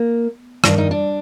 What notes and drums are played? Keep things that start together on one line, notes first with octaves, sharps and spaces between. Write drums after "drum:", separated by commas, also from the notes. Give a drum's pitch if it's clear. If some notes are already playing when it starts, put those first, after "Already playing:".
Already playing: A#3
G2 D#3 D4, drum: rim click
D#4
D4